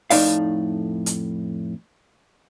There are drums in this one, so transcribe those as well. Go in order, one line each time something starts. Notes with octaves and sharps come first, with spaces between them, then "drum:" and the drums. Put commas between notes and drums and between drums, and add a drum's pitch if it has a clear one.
F2 A2 D#4 D5 F5, drum: open hi-hat
drum: hi-hat